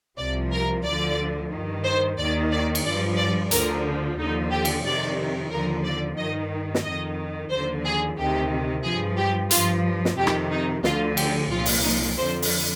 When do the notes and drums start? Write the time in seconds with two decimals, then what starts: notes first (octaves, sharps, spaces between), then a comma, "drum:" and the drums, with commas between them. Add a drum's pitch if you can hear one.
0.18 C2 C3 F3 D5
0.52 A#4
0.85 D2 D3 F3 D5
1.52 G2 D#3
1.85 C5
2.18 D#2 D#3 D5
2.52 D5
2.75 drum: cymbal
2.85 G2 F3 D5
3.18 D5
3.51 D2 D3 F3 A#4, drum: hi-hat
4.18 D#2 D3 F3 D#4
4.51 G4
4.65 drum: cymbal
4.85 F2 C3 D#3 D5
5.51 D#2 D3 F3 A#4
5.84 D5
6.18 G2 D#3 D#5
6.74 drum: snare
6.84 F2 D#3 D#5
7.51 D#2 D3 F3 C5
7.85 G#4
8.18 D2 C3 D#3 G4
8.84 G2 F3 G#4
9.18 G4
9.51 G2 F3 F4, drum: hi-hat
10.05 drum: snare
10.18 F2 C3 D#3 G4
10.27 drum: rim click
10.51 D#4
10.84 D2 D3 F3 F4, drum: snare
11.17 G4, drum: cymbal
11.51 C2 A#2 F3 F4
11.66 drum: open hi-hat
11.84 D#4
12.18 F2 D3 F3 C5
12.42 drum: open hi-hat